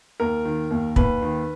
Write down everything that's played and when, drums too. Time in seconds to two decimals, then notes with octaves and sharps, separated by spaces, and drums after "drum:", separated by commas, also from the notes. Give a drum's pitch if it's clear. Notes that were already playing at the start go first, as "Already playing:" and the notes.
0.20 D#2 A#4
0.45 D#3
0.71 D#2
0.96 D#2 B4, drum: kick
1.22 D#3